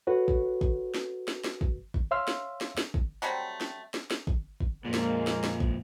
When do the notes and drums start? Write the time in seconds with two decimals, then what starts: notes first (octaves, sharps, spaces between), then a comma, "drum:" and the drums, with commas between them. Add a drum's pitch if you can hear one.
0.07 F#4 A4 B4 C#5
0.28 drum: kick
0.61 drum: kick
0.94 drum: snare
1.28 drum: snare
1.44 drum: snare
1.61 drum: kick
1.94 drum: kick
2.11 C#5 E5 F5 C6 E6 F6
2.28 drum: snare
2.61 drum: snare
2.77 drum: snare
2.94 drum: kick
3.22 F#3 G3 A3 C4
3.61 drum: snare
3.94 drum: snare
4.11 drum: snare
4.27 drum: kick
4.60 drum: kick
4.85 F2 A#2 G#3 A#3
4.94 drum: snare
5.27 drum: snare
5.44 drum: snare
5.60 drum: kick